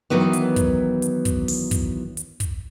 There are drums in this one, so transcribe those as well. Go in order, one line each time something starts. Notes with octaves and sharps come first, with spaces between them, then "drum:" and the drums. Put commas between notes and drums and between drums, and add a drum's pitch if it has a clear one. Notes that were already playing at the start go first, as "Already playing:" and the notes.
D#3 E3 F#3 B3
drum: hi-hat
drum: kick, hi-hat
drum: hi-hat
drum: kick, hi-hat
drum: open hi-hat
drum: kick, hi-hat
drum: hi-hat
drum: kick, hi-hat